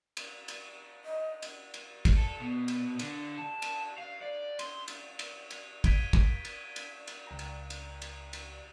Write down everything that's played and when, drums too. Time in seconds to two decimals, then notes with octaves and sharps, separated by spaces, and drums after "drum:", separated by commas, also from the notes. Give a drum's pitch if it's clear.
0.17 drum: cymbal
0.48 drum: cymbal
1.05 D#5
1.42 drum: cymbal
1.74 drum: cymbal
2.05 drum: kick, cymbal
2.17 A4
2.40 B2
2.68 drum: cymbal
2.99 D3, drum: cymbal
3.38 A5
3.62 drum: cymbal
3.98 F5
4.21 D5
4.59 C6, drum: cymbal
4.88 drum: cymbal
5.19 drum: cymbal
5.51 drum: cymbal
5.84 G6 G#6 B6 D7 D#7 G7, drum: kick, cymbal
6.13 drum: kick, cymbal
6.45 drum: cymbal
6.76 drum: cymbal
7.07 drum: cymbal
7.27 C#2 G5 A#5
7.39 drum: cymbal
7.70 drum: cymbal
8.02 drum: cymbal
8.33 drum: cymbal